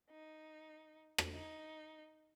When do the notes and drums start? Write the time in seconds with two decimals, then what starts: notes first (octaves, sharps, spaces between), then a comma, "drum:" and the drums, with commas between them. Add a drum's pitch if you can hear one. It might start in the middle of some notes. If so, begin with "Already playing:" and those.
0.10 D#4
1.18 drum: rim click
1.34 D#4